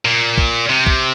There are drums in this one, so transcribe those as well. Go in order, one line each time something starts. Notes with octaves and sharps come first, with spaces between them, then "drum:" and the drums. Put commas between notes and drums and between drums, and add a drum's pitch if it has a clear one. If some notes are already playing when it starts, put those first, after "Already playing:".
A#2
drum: kick
C3
drum: kick